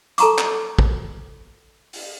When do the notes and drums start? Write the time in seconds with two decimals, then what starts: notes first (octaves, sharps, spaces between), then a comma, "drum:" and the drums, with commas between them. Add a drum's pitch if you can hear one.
0.18 A4 A5 A#5 C#6 D6, drum: hi-hat
0.38 drum: clap
0.79 drum: kick
1.93 drum: open hi-hat